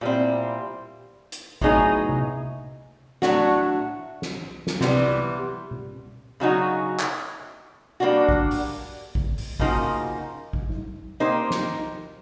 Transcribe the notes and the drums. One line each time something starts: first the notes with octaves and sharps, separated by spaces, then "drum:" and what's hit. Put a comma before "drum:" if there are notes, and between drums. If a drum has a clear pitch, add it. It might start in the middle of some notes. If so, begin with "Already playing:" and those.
A#2 G3 C4 E4
drum: hi-hat
A2 F#3 B3 D#4 G#4, drum: kick A1
drum: tom C3
A2 F#3 A3 D4 F#4, drum: snare
drum: snare
drum: snare
C3 E3 G3 B3, drum: snare
drum: tom B2
C#3 F#3 B3 D#4 F#4
drum: clap
G3 A#3 D4 F#4
drum: kick A1
drum: open hi-hat
drum: kick A1
drum: open hi-hat
C#3 F3 A#3 D#4 F#4, drum: kick A1
drum: kick A1
drum: tom G3
A#3 D#4 G4 C5
drum: snare